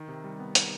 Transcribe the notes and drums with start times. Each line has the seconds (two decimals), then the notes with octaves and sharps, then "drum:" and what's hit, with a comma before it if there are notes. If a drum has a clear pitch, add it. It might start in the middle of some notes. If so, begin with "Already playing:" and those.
Already playing: D#3
0.08 C3
0.24 G3
0.40 B3
0.55 D#3, drum: hi-hat